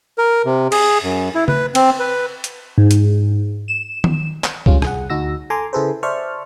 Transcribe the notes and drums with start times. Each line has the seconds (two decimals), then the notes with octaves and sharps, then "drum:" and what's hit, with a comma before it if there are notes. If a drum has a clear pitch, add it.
0.18 A#4
0.46 C3
0.72 G#4, drum: cymbal
1.03 F#2
1.35 E4
1.48 B4, drum: tom C#3
1.75 C4, drum: cymbal
2.00 B4
2.44 drum: hi-hat
2.78 G#2
2.91 drum: hi-hat
3.68 E7
4.04 drum: tom D#3
4.44 drum: clap
4.66 G3 G#3 C#4 F4, drum: kick C#2
4.82 C2 G#4 F#5, drum: rim click
5.10 D2 D#4 F#4 E6 A#6
5.50 A4 G#5 A#5 C6 D6
5.73 C#3 E4 G#4 A4 B4 C5
6.03 C5 D5 E5 A5 C#6 F6